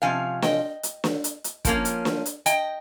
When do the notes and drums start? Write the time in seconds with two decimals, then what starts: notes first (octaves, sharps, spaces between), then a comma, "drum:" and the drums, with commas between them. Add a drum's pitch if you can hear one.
0.02 C3 F3 G#3 C#4 F5 G#5
0.42 D#5 G5, drum: snare
0.83 drum: hi-hat
1.04 drum: snare
1.24 drum: hi-hat
1.44 drum: hi-hat
1.65 F3 A#3 C#4, drum: kick, hi-hat
1.85 drum: hi-hat
2.05 drum: snare
2.26 drum: hi-hat
2.46 D#5 G5, drum: hi-hat